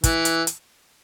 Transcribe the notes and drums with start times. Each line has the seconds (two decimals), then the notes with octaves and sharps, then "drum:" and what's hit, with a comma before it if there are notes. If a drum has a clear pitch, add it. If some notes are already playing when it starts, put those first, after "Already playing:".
0.04 E3, drum: kick, hi-hat
0.25 drum: hi-hat
0.47 drum: hi-hat